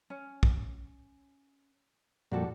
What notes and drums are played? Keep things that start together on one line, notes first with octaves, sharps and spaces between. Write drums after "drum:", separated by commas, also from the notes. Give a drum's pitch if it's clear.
C#4
drum: kick
F2 A#2 G3 D4 F#4 A4